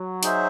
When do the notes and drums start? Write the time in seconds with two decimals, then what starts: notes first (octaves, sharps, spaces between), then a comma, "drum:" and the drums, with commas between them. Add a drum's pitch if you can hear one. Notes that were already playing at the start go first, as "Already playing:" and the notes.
Already playing: F#3
0.23 D#4 G#4 C5 E5, drum: hi-hat